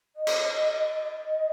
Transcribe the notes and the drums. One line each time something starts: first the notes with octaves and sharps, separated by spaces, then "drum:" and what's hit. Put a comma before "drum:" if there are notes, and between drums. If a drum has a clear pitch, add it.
D#5
drum: cymbal
D#5